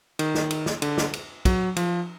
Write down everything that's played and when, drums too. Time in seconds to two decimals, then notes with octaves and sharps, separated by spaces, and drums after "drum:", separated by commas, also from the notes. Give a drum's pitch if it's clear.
0.19 D#3, drum: cymbal
0.35 drum: snare
0.50 drum: cymbal
0.66 drum: snare
0.82 D3, drum: cymbal
0.98 drum: snare
1.13 drum: cymbal
1.45 F#3, drum: kick, cymbal
1.76 F3, drum: cymbal